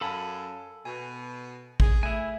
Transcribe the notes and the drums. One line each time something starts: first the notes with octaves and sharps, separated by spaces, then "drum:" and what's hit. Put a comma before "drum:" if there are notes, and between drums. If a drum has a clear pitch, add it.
F#2 A4 F5 G#5 A5 B5
B2 G#5
G#4, drum: kick A1
A3 E4 E5 G#5